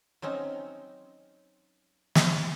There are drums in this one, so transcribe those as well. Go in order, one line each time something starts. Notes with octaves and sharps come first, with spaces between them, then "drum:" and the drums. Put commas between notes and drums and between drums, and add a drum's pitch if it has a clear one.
F#3 C4 C#4 D#4
drum: snare